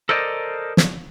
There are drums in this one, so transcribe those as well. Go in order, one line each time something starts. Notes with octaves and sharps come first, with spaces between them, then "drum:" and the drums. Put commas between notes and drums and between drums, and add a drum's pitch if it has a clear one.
A4 A#4 C5 D5 D#5
drum: snare